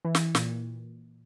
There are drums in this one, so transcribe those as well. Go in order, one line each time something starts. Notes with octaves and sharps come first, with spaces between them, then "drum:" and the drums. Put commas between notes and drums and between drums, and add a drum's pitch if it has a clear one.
E3
drum: snare
A#2, drum: snare